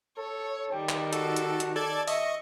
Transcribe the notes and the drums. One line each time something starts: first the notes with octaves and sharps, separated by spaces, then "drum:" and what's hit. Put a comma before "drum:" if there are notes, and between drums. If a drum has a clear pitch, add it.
A4 C#5
D#3 G3 G5
drum: clap
F#4 A4, drum: hi-hat
drum: hi-hat
drum: hi-hat
A4 D5 A5 G#6
D#5 E5 C#6, drum: open hi-hat